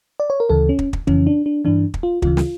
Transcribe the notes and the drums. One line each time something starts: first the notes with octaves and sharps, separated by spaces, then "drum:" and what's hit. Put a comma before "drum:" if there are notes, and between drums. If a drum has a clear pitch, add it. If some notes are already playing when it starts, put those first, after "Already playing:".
D5
C#5
A#4
D2 C#3 E3 A4
C#4
drum: kick
drum: kick
F2 C#3 E3 C#4, drum: kick
D4
D4
G2 E3 D4
drum: kick
F4
D2 C#3 E3 F4, drum: kick
drum: snare